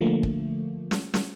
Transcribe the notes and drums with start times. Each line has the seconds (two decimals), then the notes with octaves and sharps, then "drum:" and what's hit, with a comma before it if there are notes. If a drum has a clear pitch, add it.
0.01 D3 F3 A3 A#3
0.23 drum: kick
0.91 drum: snare
1.14 drum: snare